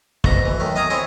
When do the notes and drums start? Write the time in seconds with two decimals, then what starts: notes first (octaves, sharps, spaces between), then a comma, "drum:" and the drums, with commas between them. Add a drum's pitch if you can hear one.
0.24 D2 B2 A#5, drum: kick
0.45 E3
0.60 F#2 D#3 A3
0.76 D#5 F5 G#5 A#5 D#6
0.90 C4 E4 C#5 D#5 G#5